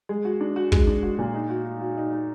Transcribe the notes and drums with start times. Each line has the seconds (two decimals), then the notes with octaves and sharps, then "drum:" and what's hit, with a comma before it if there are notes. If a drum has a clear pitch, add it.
0.09 G#3
0.25 F#4
0.41 D4
0.56 F#4
0.72 G#3, drum: kick
0.87 D4
1.03 F#4
1.19 A#2
1.34 D#4
1.50 F#4
1.66 F#4
1.81 F#4
1.98 D#4
2.12 D#4